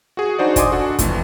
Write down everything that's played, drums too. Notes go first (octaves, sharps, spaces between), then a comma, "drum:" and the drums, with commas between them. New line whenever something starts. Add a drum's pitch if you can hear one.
F#4 G#4
D4 D#4 F#4 C5 D5
D5 D#5 G#5 C6 D6 D#6, drum: kick, hi-hat
D4 F#4 A4
F2 E3 A3 F4, drum: kick, hi-hat